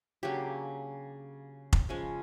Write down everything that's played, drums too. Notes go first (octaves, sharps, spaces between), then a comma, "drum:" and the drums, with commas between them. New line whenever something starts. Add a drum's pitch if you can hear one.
C#3 F#3 A#3 D4 G4
drum: kick F1
C#3 F3 G#3 C#4